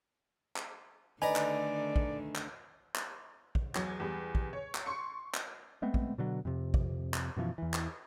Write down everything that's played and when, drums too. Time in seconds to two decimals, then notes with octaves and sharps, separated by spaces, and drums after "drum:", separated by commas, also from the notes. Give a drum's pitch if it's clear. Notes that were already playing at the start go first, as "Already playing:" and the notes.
0.56 drum: clap
1.22 D3 D#3 A3 D#4 B4 D5 D#5 G#5
1.36 drum: clap
1.96 drum: kick
2.36 drum: clap
2.95 drum: clap
3.55 drum: kick
3.75 E2 F#3, drum: clap
4.00 E2 G3
4.35 drum: kick
4.53 C#5
4.75 drum: clap
4.86 C6 C#6 C#7
5.34 drum: clap
5.82 G#3 A3 B3 C4
5.94 drum: kick
6.18 B2 D3 F#3
6.45 F2 C3
6.74 drum: kick
7.14 drum: clap
7.36 F#2 B2 E3 F3
7.58 E2 E3
7.73 drum: clap